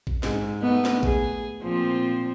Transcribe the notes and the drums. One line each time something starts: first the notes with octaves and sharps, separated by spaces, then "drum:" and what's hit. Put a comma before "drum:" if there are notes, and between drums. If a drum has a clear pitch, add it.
drum: kick A1
G#2, drum: snare
A3 B3 D#4
drum: snare
G#4, drum: kick A1
A#2 F3 C4